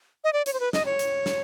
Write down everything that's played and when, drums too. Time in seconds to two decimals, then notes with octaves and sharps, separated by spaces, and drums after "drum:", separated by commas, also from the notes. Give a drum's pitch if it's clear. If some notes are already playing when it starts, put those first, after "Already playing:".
0.24 D#5
0.33 D5
0.46 C#5, drum: hi-hat
0.53 C5
0.60 B4
0.73 D#5, drum: snare
0.86 C#5
0.99 drum: hi-hat
1.26 drum: snare